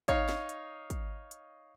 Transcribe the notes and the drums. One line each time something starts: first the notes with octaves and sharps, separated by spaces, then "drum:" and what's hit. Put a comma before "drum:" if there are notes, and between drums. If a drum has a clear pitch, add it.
D#4 C#5 F5 C#6, drum: kick, hi-hat
drum: snare
drum: hi-hat
drum: kick, hi-hat
drum: hi-hat